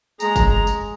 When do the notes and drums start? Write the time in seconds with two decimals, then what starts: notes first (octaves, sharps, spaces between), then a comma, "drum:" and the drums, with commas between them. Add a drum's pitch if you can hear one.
0.20 G#3 A#5, drum: tambourine
0.36 drum: kick, tambourine
0.67 drum: tambourine